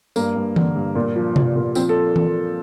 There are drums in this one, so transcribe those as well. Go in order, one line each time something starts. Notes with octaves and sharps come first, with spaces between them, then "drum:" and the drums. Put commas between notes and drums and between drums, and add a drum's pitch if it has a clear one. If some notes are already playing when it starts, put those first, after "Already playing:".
G2 A#3, drum: tambourine
G2
D3, drum: tom E3
G2
A#2
F3
F3, drum: tom C3
A#2
F3 C4, drum: tambourine
A4
drum: tom E3